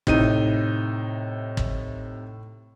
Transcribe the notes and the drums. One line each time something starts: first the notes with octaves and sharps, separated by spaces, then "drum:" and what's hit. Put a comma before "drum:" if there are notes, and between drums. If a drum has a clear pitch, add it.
A2 C3 D#4 D#7, drum: kick
drum: kick